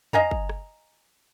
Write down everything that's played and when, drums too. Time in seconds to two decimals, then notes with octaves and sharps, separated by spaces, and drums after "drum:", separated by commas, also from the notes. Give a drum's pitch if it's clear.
0.13 D#5 F5 G#5 A#5, drum: tom
0.31 drum: kick G1
0.49 drum: rim click